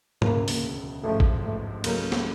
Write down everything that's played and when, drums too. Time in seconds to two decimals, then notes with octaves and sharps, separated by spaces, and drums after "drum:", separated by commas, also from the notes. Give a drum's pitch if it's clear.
0.22 E1 D2 C#3 A#3, drum: tom G#2
0.48 drum: open hi-hat
1.04 A1 G#2 F3 A3
1.20 drum: kick
1.43 A3
1.84 C#2 C#3 F#3 A3 A#3, drum: cymbal
2.12 drum: snare